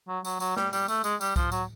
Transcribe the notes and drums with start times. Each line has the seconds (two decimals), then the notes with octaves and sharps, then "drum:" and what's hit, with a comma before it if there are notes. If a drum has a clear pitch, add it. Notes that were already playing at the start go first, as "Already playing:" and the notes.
0.08 F#3
0.25 F#3, drum: tambourine
0.40 F#3, drum: tambourine
0.57 G3, drum: snare
0.73 G3, drum: tambourine
0.88 A3, drum: tambourine
1.04 G#3, drum: tambourine
1.21 G3, drum: tambourine
1.36 F3, drum: kick C2, tambourine
1.52 F#3, drum: tambourine